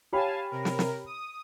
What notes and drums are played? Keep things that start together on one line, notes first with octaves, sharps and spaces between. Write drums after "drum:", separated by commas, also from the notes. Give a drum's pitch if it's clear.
G4 C#5 F5 G#5 A5 B5
C3 A#4
drum: snare
drum: snare
D#6